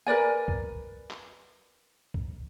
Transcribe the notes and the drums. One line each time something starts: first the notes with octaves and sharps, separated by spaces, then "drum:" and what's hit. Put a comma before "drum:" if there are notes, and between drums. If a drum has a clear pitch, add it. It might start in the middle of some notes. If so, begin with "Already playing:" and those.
A#4 B4 D5 G#5
drum: kick
drum: clap
drum: kick